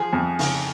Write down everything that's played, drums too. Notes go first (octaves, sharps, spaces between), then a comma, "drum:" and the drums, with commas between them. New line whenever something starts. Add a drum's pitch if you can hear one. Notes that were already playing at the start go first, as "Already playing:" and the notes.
Already playing: F3 G#4
F2
C#3, drum: open hi-hat